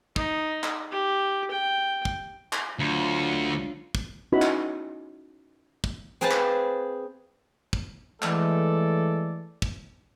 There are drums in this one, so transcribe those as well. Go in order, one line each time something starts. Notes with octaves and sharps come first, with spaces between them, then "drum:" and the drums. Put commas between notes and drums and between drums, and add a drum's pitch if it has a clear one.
D#4, drum: kick
drum: clap
G4
G5
drum: kick
drum: clap
D2 F#3 D4 F4
drum: kick
C#4 D#4 E4 F#4 B4 B5
drum: clap
drum: kick
C4 G#4 B4 C5 F5 A5
drum: clap
drum: kick
E3 G#3 A3 A4 D5, drum: clap
drum: kick